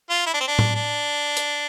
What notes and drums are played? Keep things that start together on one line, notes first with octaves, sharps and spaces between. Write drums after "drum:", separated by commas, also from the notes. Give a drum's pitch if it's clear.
F4
E4
D4
C4
D4
drum: tom A2
D4
drum: hi-hat